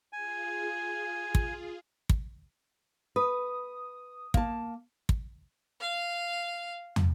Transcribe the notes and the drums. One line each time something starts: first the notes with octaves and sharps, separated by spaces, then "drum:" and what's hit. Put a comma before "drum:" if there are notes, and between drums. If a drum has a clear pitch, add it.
F4 G#4 G#5
drum: kick
drum: kick
B4 D#6
A#3 A5, drum: kick
drum: kick
F5
drum: tom